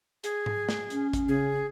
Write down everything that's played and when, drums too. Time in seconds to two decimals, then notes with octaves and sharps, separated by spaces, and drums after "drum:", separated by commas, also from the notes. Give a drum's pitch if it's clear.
0.24 G#4, drum: hi-hat
0.46 drum: tom G#2
0.69 drum: snare
0.90 C#4, drum: hi-hat
1.13 drum: kick G#1, hi-hat
1.28 C#3 G#4